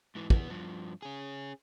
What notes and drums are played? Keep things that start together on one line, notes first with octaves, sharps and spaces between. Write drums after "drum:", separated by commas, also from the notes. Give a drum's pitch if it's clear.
G#2 E3
E3 B3, drum: kick
G2 F3
C#4 G#4